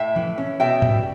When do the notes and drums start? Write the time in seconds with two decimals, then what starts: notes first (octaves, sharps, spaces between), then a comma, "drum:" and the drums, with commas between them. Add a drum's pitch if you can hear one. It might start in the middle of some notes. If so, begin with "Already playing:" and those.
Already playing: A2 E5 G5
0.16 E3, drum: tom
0.38 C#4
0.60 B2 E5 G5
0.82 G3, drum: tom